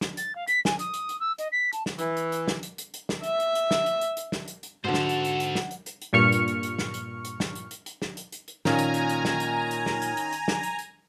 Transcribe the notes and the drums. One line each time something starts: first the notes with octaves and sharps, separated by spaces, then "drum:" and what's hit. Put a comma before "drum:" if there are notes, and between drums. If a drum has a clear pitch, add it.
drum: snare
A6, drum: hi-hat
F5
B6, drum: hi-hat
G#5, drum: snare
D#6, drum: hi-hat
drum: hi-hat
drum: hi-hat
E6
D#5, drum: hi-hat
B6
A5, drum: hi-hat
drum: snare
E3, drum: hi-hat
drum: hi-hat
drum: hi-hat
drum: snare
drum: hi-hat
drum: hi-hat
drum: hi-hat
drum: snare
E5, drum: hi-hat
drum: hi-hat
drum: hi-hat
drum: snare
drum: hi-hat
drum: hi-hat
drum: hi-hat
drum: snare
drum: hi-hat
drum: hi-hat
G#2 D3 F#4 A4 C5 F#5
drum: snare
drum: hi-hat
drum: hi-hat
drum: hi-hat
drum: snare
drum: hi-hat
drum: hi-hat
drum: hi-hat
G2 A#2 C#6 F6 C#7
drum: hi-hat
drum: hi-hat
drum: hi-hat
drum: snare
drum: hi-hat
drum: hi-hat
drum: snare
drum: hi-hat
drum: hi-hat
drum: hi-hat
drum: snare
drum: hi-hat
drum: hi-hat
drum: hi-hat
A#2 D#3 C#4 G#5 A#5, drum: snare
drum: hi-hat
drum: hi-hat
drum: hi-hat
drum: snare
drum: hi-hat
drum: hi-hat
drum: snare
drum: hi-hat
drum: hi-hat
drum: hi-hat
drum: snare
drum: hi-hat
drum: hi-hat